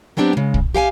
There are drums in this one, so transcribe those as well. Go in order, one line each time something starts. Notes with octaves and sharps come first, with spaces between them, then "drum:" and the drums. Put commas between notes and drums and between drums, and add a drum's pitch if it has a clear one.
F#3 B3 C4 D4 F#4 G4
C#3 G#3
drum: kick
G4 F5 G5 G#5